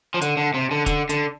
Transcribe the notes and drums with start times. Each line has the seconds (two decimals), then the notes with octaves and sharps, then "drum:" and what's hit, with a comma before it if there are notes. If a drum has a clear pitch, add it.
0.14 F3
0.21 D3, drum: hi-hat
0.37 D3
0.54 C3
0.71 D3
0.86 D3, drum: kick E1, hi-hat
1.09 D3, drum: hi-hat